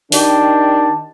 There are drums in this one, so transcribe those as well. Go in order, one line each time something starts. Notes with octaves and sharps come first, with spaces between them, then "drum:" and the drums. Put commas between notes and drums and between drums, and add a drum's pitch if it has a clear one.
D#3 D4 G4 A5, drum: open hi-hat